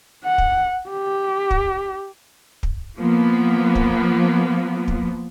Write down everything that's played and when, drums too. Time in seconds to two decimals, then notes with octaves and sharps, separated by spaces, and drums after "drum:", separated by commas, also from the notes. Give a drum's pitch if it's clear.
0.24 F#5
0.38 drum: kick
0.89 G4
1.51 drum: kick
2.63 drum: kick
2.98 F3 A#3 B3
3.75 drum: kick
4.88 drum: kick